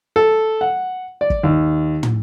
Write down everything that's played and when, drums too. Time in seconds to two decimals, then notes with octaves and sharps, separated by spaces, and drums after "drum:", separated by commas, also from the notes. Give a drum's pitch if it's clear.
0.16 A4
0.61 F#5
1.21 D5
1.30 drum: kick
1.43 D#2
2.03 drum: tom